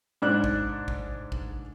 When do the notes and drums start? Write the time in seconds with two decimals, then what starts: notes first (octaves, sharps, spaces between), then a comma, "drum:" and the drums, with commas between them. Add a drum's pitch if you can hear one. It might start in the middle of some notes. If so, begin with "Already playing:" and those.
0.22 G#2 D4 F#6
0.44 drum: kick G#1
0.88 drum: kick G#1
1.32 drum: kick G#1